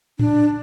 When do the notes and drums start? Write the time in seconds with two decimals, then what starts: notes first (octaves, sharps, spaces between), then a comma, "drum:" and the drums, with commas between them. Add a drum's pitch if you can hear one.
0.19 D4, drum: tom A2